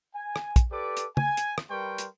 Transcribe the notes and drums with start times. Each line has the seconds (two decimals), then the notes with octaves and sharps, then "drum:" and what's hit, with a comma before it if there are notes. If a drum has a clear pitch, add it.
0.15 G#5
0.36 drum: rim click
0.56 drum: kick, hi-hat
0.72 G4 A4 B4 D5 D6
0.97 drum: hi-hat
1.17 G#5, drum: tom
1.37 drum: hi-hat
1.58 drum: rim click
1.71 G3 A#4 B4 G5 C6 C#6
1.98 drum: hi-hat